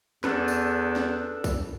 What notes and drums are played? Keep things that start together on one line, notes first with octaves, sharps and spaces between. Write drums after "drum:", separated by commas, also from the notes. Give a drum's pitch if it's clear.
E2 D4 A4 B4, drum: snare
drum: tambourine
drum: snare
drum: kick, tambourine